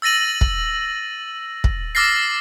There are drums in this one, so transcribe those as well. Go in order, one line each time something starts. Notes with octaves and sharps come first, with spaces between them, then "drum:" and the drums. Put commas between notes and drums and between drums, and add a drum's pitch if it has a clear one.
E6 A6 A#6 D#7 F#7
drum: kick
drum: kick
D6 E6 F6 A6 A#6 C7